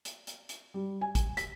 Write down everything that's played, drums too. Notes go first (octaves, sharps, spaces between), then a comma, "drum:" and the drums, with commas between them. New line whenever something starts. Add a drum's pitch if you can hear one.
drum: hi-hat
drum: hi-hat
drum: hi-hat
G3
G#5
drum: kick, hi-hat
B6, drum: hi-hat